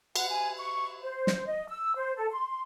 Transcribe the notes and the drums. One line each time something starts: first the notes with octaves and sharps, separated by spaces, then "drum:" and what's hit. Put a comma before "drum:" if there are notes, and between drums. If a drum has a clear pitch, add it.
F#5, drum: cymbal
G#5
C#6
C5
drum: snare
D#5
E6
C5
A4
C6